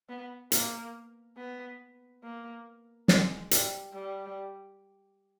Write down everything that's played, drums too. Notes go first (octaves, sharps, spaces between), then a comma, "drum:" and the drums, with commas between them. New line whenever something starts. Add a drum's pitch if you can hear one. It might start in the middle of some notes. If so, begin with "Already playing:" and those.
B3
A#3, drum: hi-hat
B3
A#3
G#3, drum: snare
G3, drum: hi-hat
G3